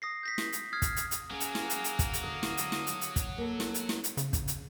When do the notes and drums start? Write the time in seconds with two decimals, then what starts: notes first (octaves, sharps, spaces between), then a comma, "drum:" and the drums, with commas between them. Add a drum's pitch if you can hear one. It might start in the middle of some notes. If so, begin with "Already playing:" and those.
0.02 D#6 A#6 C7
0.23 G6 A#6 B6
0.38 drum: snare
0.53 drum: hi-hat
0.73 D#6 F6 G#6 C7
0.82 drum: kick, hi-hat
0.96 drum: hi-hat
1.11 drum: hi-hat
1.31 F#3 A#3 C#4 G#4
1.40 drum: hi-hat
1.55 drum: snare
1.70 drum: hi-hat
1.84 drum: hi-hat
1.99 drum: kick, hi-hat
2.13 drum: hi-hat
2.23 D3 D#6
2.43 drum: snare
2.57 drum: hi-hat
2.72 drum: snare
2.87 drum: hi-hat
3.01 drum: hi-hat
3.16 drum: kick, hi-hat
3.38 A#3 A4
3.60 drum: snare
3.74 drum: hi-hat
3.89 drum: snare
4.04 drum: hi-hat
4.17 C#3, drum: hi-hat
4.33 drum: kick, hi-hat
4.48 drum: hi-hat